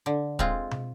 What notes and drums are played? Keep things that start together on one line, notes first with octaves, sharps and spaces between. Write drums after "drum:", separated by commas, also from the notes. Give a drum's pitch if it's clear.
D3
G#3 C4 F4, drum: kick
drum: tom B2